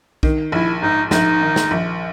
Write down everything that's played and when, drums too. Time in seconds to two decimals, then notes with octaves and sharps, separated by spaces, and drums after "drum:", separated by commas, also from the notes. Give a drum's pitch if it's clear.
0.23 D#3, drum: kick B1
0.52 A#1 E4
0.82 G#2 D#4
1.11 A#1 D#4, drum: snare
1.41 D#3
1.56 drum: snare
1.71 A#1